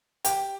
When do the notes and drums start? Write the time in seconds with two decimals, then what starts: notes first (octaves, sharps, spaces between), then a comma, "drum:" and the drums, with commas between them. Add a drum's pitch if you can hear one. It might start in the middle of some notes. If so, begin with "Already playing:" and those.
0.25 G4, drum: hi-hat